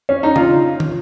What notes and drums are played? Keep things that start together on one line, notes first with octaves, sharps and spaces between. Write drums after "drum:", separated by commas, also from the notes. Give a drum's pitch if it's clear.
C#4
D#4
F4, drum: tom
drum: tom